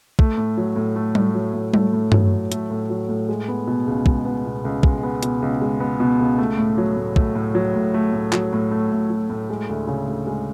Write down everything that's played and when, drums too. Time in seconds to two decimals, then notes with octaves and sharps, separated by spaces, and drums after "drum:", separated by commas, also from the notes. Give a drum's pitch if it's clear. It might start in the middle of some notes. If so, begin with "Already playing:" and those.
0.19 A3, drum: kick
0.38 A2
0.57 F#3
0.76 A2
0.96 A3
1.15 A2, drum: tom G3
1.34 F#3
1.54 A2
1.74 A3, drum: tom G3
1.93 A2
2.12 F#3, drum: tom G2
2.32 A2
2.52 A3, drum: hi-hat
2.71 A2
2.90 F#3
3.09 A2
3.29 G#3
3.48 B3
3.67 B2
3.87 C#2
4.06 G#3, drum: kick
4.25 B3
4.45 B2
4.65 C#2
4.83 G#3, drum: kick
5.03 B3
5.23 B2, drum: hi-hat
5.42 C#2
5.61 G#3
5.80 B3
6.00 B2
6.20 C#2
6.38 A3
6.58 A2
6.78 F#3
6.97 A2
7.16 A3, drum: kick
7.35 A2
7.55 F#3
7.75 A2
7.94 A3
8.13 A2
8.33 F#3, drum: clap
8.53 A2
8.71 A3
8.92 A2
9.10 F#3
9.30 A2
9.50 G#3
9.69 D2
9.88 C#3
10.08 D2
10.27 G#3